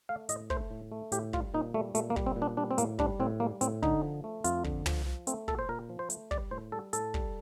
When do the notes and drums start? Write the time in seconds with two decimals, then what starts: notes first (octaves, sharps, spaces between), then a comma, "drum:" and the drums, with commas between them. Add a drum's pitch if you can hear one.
0.09 A3 F5
0.29 A2 D#5, drum: hi-hat
0.50 A3 C5, drum: kick
0.71 A2
0.92 A3
1.12 A2 G4, drum: hi-hat
1.33 G3 F4, drum: kick
1.54 A#2 D#4
1.74 G3 A3
1.95 A#2 A3, drum: hi-hat
2.10 A#3
2.16 G3, drum: kick
2.26 C4
2.36 A#2
2.42 D4
2.57 G3 D4
2.71 C4
2.78 A2 A#3, drum: hi-hat
2.99 G3 D4, drum: kick
3.20 A2 C4
3.40 G3 A#3
3.61 A2 C4, drum: hi-hat
3.83 D3 D#4, drum: kick
4.02 F3
4.24 A3
4.44 F2 F4, drum: hi-hat
4.64 D3, drum: kick
4.86 F3, drum: tom
5.06 F3
5.27 A3 C4, drum: hi-hat
5.48 A#2 A4, drum: kick
5.59 C5
5.69 A#2 A#4
5.89 F3
5.99 C5
6.10 A3, drum: hi-hat
6.31 G3 D5, drum: kick
6.51 A2 C5
6.72 G3 A4
6.93 A2 A4, drum: hi-hat
7.14 G3, drum: kick